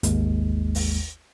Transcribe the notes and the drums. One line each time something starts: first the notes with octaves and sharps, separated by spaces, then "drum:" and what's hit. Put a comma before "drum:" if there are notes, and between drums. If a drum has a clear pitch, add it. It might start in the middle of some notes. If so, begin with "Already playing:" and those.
G#1 D#2 G#3, drum: hi-hat
drum: open hi-hat